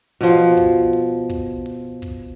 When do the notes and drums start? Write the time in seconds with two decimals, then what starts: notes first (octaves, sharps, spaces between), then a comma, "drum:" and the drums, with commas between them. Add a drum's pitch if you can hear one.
0.21 B2 F3, drum: hi-hat
0.57 drum: kick, hi-hat
0.93 drum: hi-hat
1.30 drum: kick
1.66 drum: hi-hat
2.02 drum: kick, hi-hat